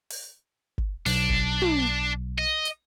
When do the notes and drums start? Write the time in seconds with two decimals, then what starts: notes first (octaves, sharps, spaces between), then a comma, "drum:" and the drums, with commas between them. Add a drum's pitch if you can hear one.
0.10 drum: open hi-hat
0.78 drum: kick G1
1.06 B1 D4, drum: open hi-hat
1.30 drum: kick G1
1.62 drum: tom
2.38 D#5
2.65 drum: hi-hat